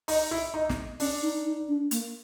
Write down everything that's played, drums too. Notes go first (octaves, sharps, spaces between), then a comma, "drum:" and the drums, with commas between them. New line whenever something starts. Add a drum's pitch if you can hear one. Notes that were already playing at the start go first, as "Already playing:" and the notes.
D#4, drum: open hi-hat
E4
D#4
drum: snare
C#4 D4, drum: open hi-hat
D#4
D#4
D4
A#3, drum: hi-hat